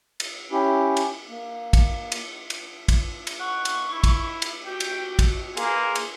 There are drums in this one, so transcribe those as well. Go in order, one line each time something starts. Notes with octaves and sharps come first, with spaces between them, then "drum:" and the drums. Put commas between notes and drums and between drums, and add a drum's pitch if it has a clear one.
drum: cymbal
C#4 E4 G4
drum: cymbal
A#3
drum: kick, cymbal
drum: cymbal
drum: cymbal
drum: kick, cymbal
drum: cymbal
F#5 C#6
drum: cymbal
E4
drum: kick, cymbal
drum: cymbal
F#4 G4 G5
drum: cymbal
drum: kick, cymbal
A#3 G#4 B4 C6, drum: cymbal
drum: cymbal